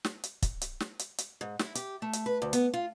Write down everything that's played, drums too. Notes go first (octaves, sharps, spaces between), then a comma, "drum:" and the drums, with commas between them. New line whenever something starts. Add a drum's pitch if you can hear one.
drum: snare
drum: hi-hat
drum: kick, hi-hat
drum: hi-hat
drum: snare
drum: hi-hat
drum: hi-hat
G#2
E4, drum: snare
G4, drum: hi-hat
A3
drum: hi-hat
B4
D2
B3, drum: hi-hat
F4